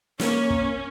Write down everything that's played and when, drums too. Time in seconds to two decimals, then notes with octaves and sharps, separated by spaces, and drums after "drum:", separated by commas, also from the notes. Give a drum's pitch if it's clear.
0.20 A#3 C#4, drum: snare
0.50 drum: kick